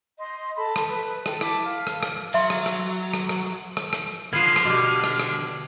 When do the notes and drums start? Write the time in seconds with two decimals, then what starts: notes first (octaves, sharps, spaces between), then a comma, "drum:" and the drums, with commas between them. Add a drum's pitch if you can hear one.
0.18 D#5 C6
0.56 A4 B5
0.76 drum: rim click
0.89 B4
1.26 A4 G5 A5, drum: rim click
1.41 E4 E5 A5 D6, drum: rim click
1.65 F5 F6
1.87 drum: rim click
2.03 drum: rim click
2.34 F#3 E5 C6
2.50 drum: rim click
2.66 drum: rim click
3.14 drum: rim click
3.29 drum: rim click
3.77 drum: rim click
3.93 drum: rim click
4.33 D3 F3 B3 F6 G#6 C7 D#7
4.56 drum: rim click
4.65 B2 G4
5.04 drum: rim click
5.20 drum: rim click